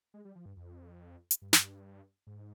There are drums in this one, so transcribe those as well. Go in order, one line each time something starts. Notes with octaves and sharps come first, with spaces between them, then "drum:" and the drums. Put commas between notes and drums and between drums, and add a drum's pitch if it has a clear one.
G#3
G3
F3
G2
F2
drum: hi-hat
G2
drum: snare
G#2